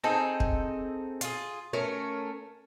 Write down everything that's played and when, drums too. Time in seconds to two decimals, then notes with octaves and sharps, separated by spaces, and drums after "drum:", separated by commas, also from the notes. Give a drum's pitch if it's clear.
0.04 C4 D#4 G#4 A4
0.40 drum: kick
1.21 F4 G#4, drum: hi-hat
1.73 A3 C#4 A#4